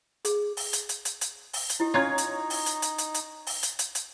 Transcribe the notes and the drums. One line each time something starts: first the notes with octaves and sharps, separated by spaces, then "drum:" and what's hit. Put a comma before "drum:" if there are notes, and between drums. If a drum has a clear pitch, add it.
G#4, drum: hi-hat
drum: open hi-hat
drum: hi-hat
drum: hi-hat
drum: hi-hat
drum: hi-hat
drum: open hi-hat
drum: hi-hat
D#4 E4 G4
C#4 F4 C#5 A#5 G#6
drum: hi-hat
drum: open hi-hat
drum: hi-hat
drum: hi-hat
drum: hi-hat
drum: hi-hat
drum: open hi-hat
drum: hi-hat
drum: hi-hat
drum: hi-hat